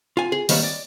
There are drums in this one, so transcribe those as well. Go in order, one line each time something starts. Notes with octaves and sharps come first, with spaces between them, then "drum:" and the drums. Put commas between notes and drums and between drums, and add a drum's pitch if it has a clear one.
F4 G#5
G#4
D#3 G3 A#3 B3 C#5, drum: open hi-hat
D5